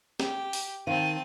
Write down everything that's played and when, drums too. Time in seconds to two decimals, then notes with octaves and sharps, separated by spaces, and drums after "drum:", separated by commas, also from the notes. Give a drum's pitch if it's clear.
0.20 G4, drum: snare
0.53 drum: open hi-hat
0.87 D#3 C4 F5 A5 D#7